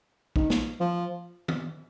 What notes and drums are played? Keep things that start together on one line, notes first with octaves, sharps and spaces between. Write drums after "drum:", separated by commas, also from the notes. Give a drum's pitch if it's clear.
D#3, drum: kick
drum: snare
F3
drum: tom D#3